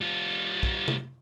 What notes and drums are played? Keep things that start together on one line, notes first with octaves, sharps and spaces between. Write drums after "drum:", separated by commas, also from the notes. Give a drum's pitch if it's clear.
G3 F4
drum: kick
drum: tom